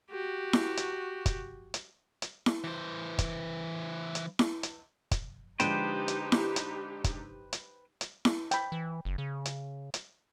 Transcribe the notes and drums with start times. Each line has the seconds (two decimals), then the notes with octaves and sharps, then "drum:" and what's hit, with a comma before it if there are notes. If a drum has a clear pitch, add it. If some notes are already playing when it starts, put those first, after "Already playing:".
0.11 F#4 G4
0.53 drum: snare E4
0.77 drum: hi-hat
1.26 drum: kick, hi-hat
1.74 drum: hi-hat
2.22 drum: hi-hat
2.46 drum: snare E4
2.64 E3 C5
3.19 drum: kick, hi-hat
4.15 drum: hi-hat
4.39 drum: snare E4
4.63 drum: hi-hat
5.11 drum: kick, hi-hat
5.60 D3 F3 G#3 D#4 G4 B4 C5 G5, drum: hi-hat
6.08 drum: hi-hat
6.32 drum: snare E4
6.56 drum: hi-hat
7.04 drum: kick, hi-hat
7.53 drum: hi-hat
8.01 drum: hi-hat
8.25 drum: snare E4
8.51 G5 B5, drum: hi-hat
8.72 E3
9.05 F#1
9.18 C#3
9.45 drum: hi-hat
9.94 drum: hi-hat